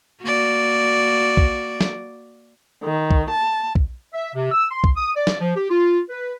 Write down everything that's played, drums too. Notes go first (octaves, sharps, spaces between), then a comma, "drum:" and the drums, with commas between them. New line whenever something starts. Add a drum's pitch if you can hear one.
A#3 F#4 D5
drum: kick
drum: snare
D#3
drum: kick
A5
drum: kick
E5
C3
E6
C6
drum: kick
D#6
D5
drum: snare
F3
G4
F4
B4